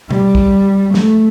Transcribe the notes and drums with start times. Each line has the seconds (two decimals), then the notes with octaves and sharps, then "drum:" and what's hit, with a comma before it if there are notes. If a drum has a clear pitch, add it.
0.11 G3, drum: tom B2
0.35 drum: kick
0.94 A3, drum: snare